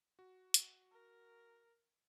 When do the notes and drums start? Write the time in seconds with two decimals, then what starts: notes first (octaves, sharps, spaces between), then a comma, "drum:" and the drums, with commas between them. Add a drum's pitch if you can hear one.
0.19 F#4
0.54 drum: hi-hat
0.91 A#4